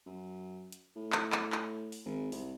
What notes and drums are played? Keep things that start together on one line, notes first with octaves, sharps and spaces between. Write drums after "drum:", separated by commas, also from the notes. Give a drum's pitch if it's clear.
F#2
drum: hi-hat
A2
drum: clap
drum: clap
drum: clap
drum: open hi-hat
G#1
C2, drum: open hi-hat